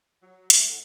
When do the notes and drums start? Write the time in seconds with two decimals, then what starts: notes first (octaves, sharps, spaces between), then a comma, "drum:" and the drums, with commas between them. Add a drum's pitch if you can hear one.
0.23 F#3
0.50 A3, drum: hi-hat
0.69 A2 F#5